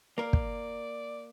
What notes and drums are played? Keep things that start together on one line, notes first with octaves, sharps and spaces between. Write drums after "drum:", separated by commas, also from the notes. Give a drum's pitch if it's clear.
A#3 A#4 D5
drum: kick